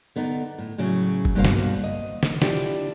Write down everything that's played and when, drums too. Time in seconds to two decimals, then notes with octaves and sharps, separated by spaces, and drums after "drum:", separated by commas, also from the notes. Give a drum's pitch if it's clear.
0.16 D3 B3 D#4
0.59 A2
0.78 A2 C#3 F#3 C#4
1.25 drum: kick F#1
1.35 G2 B2 A#3 G4 C5 F5
1.45 drum: snare
1.84 D#5
2.23 drum: snare
2.42 D4 E4 F4 G4, drum: snare